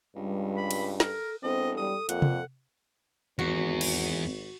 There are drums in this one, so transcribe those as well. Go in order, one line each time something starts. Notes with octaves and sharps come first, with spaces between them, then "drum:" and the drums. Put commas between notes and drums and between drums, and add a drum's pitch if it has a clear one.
C#2 G2 G3
B5
drum: cymbal
A4 A#4, drum: snare
E1 C4 A4 D#5
G3 D#6
F2 A#2 F#5, drum: hi-hat
drum: tom C3
G#1 E2 F#4
drum: cymbal